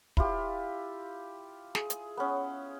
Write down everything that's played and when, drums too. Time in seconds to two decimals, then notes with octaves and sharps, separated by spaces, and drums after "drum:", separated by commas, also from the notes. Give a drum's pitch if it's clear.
0.17 E4 F4 G4, drum: kick
1.75 G#4, drum: snare
1.90 drum: hi-hat
2.17 B3 C#4